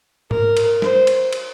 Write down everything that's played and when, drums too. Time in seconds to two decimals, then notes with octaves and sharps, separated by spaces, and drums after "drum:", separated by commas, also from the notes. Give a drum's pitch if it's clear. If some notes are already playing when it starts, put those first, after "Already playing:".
0.31 A#4, drum: tom G#2
0.57 drum: cymbal
0.82 C5, drum: snare
1.07 drum: cymbal
1.33 drum: cymbal